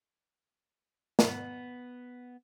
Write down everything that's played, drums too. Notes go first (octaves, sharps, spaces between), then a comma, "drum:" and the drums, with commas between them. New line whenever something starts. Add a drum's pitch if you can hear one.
drum: snare
B3